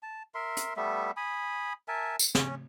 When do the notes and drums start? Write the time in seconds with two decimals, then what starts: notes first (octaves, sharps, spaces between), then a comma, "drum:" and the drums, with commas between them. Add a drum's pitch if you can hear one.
0.03 A5
0.35 A#4 E5 C6
0.57 drum: hi-hat
0.77 G3 A3 B3 E5
1.17 G#5 B5 D#6
1.88 A#4 E5 G#5 A5
2.19 drum: tambourine
2.35 C#4, drum: snare